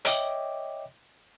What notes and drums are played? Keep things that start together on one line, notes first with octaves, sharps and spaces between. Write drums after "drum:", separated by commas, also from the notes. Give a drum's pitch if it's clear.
C#5 D#5 E5 G5 D6, drum: hi-hat